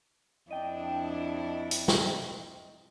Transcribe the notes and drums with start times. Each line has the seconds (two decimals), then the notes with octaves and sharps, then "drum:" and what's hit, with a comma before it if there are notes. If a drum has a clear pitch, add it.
0.51 F2 D4 E4 D#5 G5
1.71 drum: hi-hat
1.88 drum: snare